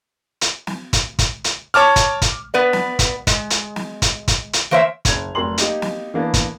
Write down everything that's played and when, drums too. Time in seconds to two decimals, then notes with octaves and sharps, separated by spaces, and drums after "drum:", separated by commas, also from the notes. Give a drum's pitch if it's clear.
0.41 drum: hi-hat
0.67 drum: snare
0.93 drum: kick, hi-hat
1.19 drum: kick, hi-hat
1.44 drum: hi-hat
1.74 C#5 A5 D6 F6
1.96 drum: kick, hi-hat
2.22 drum: kick, hi-hat
2.54 B3 B4 D5
2.73 drum: snare
2.99 drum: kick, hi-hat
3.27 G#3, drum: kick, hi-hat
3.50 drum: hi-hat
3.76 drum: snare
4.02 drum: kick, hi-hat
4.28 drum: kick, hi-hat
4.53 drum: hi-hat
4.71 E3 A#3 C5 C#5 E5
5.05 F#1 G#6 F7, drum: kick, hi-hat
5.35 F1 F#3 A#4 A#5 C6 F#7
5.58 A#3 D#4 G4, drum: hi-hat
5.82 drum: snare
6.14 E3 A#3 B3 D4
6.34 drum: kick, hi-hat